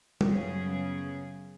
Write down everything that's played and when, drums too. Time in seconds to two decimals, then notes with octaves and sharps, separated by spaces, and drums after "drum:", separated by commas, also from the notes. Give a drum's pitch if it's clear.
0.21 F#2 C#3 B3 G#4, drum: tom